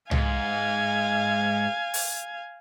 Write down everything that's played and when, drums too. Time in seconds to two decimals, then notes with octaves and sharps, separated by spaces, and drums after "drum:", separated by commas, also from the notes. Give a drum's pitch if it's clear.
0.11 G#2 F5 G#5, drum: tom C2
1.94 drum: open hi-hat